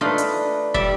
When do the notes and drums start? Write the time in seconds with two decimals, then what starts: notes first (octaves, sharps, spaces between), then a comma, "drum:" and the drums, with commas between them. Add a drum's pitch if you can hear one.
0.01 A3 D4 D#4 F4 B4
0.18 drum: hi-hat
0.74 G3 D5 E5, drum: kick